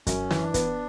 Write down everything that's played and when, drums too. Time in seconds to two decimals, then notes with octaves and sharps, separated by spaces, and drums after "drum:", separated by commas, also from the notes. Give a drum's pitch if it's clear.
0.07 F#2 C#4, drum: kick, hi-hat
0.31 E3, drum: snare
0.43 D4
0.54 B3, drum: kick, hi-hat